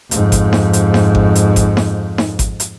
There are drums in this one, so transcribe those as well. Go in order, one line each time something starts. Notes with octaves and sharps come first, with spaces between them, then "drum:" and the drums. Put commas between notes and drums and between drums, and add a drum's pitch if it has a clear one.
F2 G#2, drum: hi-hat
drum: kick G#1, hi-hat
drum: snare D#4
drum: hi-hat
drum: snare D#4
drum: kick G#1
drum: hi-hat
drum: kick G#1, hi-hat
drum: snare D#4
drum: snare D#4
drum: kick G#1, hi-hat
drum: hi-hat